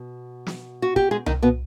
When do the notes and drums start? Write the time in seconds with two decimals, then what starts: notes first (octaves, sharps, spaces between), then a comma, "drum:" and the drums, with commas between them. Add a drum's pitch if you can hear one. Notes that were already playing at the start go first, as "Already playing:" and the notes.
Already playing: B2
0.47 drum: snare
0.82 F#4
0.96 G4, drum: kick
1.11 G#3 G#4
1.26 D#3 D#4, drum: tom C2
1.42 B2 B3